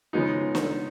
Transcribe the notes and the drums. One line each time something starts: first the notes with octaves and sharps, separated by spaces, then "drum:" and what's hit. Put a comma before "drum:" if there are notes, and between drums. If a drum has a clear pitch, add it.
C#3 F3 G#3 B3 D#4
drum: snare